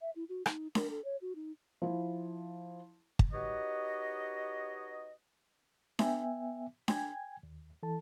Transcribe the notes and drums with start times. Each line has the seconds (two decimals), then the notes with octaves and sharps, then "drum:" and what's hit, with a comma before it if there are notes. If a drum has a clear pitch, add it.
0.01 E5
0.16 E4
0.29 F#4
0.46 D#4, drum: rim click
0.75 A#4, drum: snare D4
0.90 A4
1.04 C#5
1.21 F#4
1.35 D#4
1.82 F3 E4
3.19 drum: kick
3.33 D#4 F#4 G4 B4 C#5 D#5
5.99 B3 E5 G5 G#5, drum: snare D4
6.88 G5 G#5 G#6, drum: snare D4
7.43 D#2
7.83 E3 A4 A5